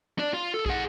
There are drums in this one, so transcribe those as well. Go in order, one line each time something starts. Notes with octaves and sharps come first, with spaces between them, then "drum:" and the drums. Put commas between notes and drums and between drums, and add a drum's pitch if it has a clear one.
D4 D5
F4
A4
G#4 F#5, drum: kick